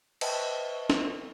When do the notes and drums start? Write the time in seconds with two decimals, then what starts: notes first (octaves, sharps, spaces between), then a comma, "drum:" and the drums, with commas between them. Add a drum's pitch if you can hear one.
0.21 B4 C5 D#5 E5 G5 A5, drum: cymbal
0.90 drum: snare